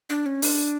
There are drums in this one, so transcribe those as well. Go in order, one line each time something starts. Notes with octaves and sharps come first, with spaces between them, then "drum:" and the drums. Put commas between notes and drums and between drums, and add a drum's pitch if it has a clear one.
D4
C#4
D4, drum: open hi-hat